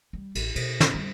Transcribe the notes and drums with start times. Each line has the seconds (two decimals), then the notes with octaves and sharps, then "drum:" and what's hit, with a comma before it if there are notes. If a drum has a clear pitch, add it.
0.13 G3
0.35 A1, drum: cymbal
0.56 B2, drum: cymbal
0.80 drum: snare
0.94 G3